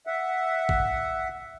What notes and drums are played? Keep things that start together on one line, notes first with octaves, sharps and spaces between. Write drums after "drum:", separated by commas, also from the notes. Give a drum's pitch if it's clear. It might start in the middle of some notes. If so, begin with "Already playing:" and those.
E5 F#5
drum: kick